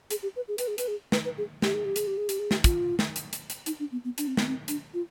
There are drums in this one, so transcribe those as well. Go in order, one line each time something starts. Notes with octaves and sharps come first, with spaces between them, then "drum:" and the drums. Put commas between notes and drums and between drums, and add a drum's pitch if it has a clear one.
G#4, drum: hi-hat
G4
B4
G#4
B4, drum: hi-hat
G#4
B4, drum: hi-hat
G#4
B4, drum: snare
B4
G#4
G4, drum: snare
G#4
G4
G#4, drum: hi-hat
G4
G#4
G4, drum: hi-hat
G#4
G4, drum: snare
F4, drum: kick, hi-hat
drum: snare
drum: hi-hat
drum: hi-hat
drum: hi-hat
D#4, drum: hi-hat
D4
B3
B3
D4, drum: hi-hat
C4
B3, drum: snare
C4
D4, drum: hi-hat
F4